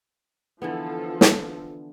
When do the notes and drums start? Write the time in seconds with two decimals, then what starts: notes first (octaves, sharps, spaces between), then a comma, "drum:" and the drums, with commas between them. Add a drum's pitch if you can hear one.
0.62 D3 E3 F3 B3 F4 A4
1.21 drum: snare